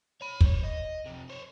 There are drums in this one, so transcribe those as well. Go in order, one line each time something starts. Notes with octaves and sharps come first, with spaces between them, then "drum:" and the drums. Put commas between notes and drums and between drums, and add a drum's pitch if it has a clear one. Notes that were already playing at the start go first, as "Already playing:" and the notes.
C#5 B5
C5 C#5, drum: kick
D#5
F2 C3
C5 C#5